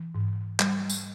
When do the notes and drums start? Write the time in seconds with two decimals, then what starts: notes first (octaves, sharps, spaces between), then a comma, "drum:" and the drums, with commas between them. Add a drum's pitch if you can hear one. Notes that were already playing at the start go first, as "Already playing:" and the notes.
Already playing: E3
0.15 G#2
0.60 G3, drum: clap
0.90 drum: tambourine